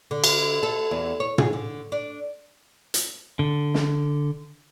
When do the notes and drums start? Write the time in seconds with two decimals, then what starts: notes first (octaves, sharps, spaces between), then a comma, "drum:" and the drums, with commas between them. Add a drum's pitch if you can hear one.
0.11 D3
0.24 drum: cymbal
0.63 A4
0.91 E2
1.20 C#5
1.38 G#4, drum: tom
1.53 D3
1.92 D4
2.94 drum: hi-hat
3.39 D3
3.74 drum: snare